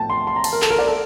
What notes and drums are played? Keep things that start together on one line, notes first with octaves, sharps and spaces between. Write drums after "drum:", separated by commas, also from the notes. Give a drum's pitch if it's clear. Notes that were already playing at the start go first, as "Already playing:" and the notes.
Already playing: A2 F3 A3 G5 A5
C6
C6
A#5
A5, drum: cymbal
A#4
A4, drum: clap
A#4
D5
A4